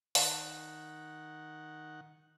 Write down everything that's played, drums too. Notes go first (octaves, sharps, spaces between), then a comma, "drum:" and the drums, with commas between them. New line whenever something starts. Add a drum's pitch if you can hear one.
D#3 F#5, drum: open hi-hat